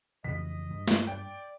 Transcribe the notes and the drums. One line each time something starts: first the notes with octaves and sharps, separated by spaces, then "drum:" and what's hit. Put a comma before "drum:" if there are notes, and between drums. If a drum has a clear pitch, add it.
F2 C#3 E3 D#5 B6
G2
drum: snare
D5 G5